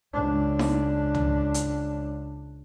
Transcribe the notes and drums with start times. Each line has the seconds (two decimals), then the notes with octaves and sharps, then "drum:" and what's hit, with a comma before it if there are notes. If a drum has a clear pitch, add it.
0.13 C#2 D4
0.59 drum: snare D#4
1.14 drum: tom
1.54 drum: hi-hat